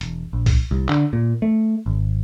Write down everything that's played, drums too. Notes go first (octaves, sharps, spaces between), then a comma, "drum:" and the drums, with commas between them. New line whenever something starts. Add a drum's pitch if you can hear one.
E1, drum: hi-hat
A#1
drum: kick C2, open hi-hat
C2
D3, drum: clap
A#2
A3
G#1